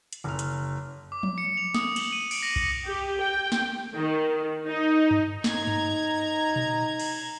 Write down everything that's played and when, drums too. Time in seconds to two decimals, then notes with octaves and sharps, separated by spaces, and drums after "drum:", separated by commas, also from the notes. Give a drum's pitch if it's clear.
0.13 drum: hi-hat
0.24 F#1 F6
0.39 drum: hi-hat
1.12 D6
1.23 drum: tom F3
1.38 C#7
1.57 F7
1.74 D#6, drum: snare
1.96 F#7, drum: cymbal
2.12 D#7
2.31 D7, drum: cymbal
2.43 A#6
2.56 C#7, drum: kick B1
2.86 G4
3.20 G5
3.52 drum: snare
3.95 D#3
4.66 D#4
5.11 drum: tom G2
5.44 D#4 A#5 G#6, drum: snare
5.67 drum: tom G2
6.56 drum: tom A#2
7.00 drum: cymbal